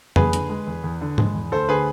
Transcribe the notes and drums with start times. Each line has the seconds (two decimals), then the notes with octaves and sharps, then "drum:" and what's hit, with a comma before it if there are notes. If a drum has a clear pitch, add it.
0.16 E2 G#4 B4, drum: tom F2
0.33 D3, drum: hi-hat
0.49 G#3
0.67 E2
0.84 E2
1.01 D3
1.18 G#3, drum: tom G#2
1.35 E2
1.52 D2 A4 C5
1.69 D3 G#4 B4